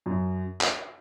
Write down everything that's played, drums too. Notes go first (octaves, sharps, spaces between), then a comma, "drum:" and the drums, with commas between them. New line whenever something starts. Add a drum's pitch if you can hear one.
F#2
drum: clap